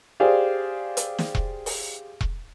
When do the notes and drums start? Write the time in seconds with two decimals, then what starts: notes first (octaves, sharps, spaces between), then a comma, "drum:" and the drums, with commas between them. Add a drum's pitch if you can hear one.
0.20 G4 G#4 C5 D5 F5
0.97 drum: hi-hat
1.18 drum: snare
1.35 drum: kick E1
1.66 drum: open hi-hat
2.21 drum: kick E1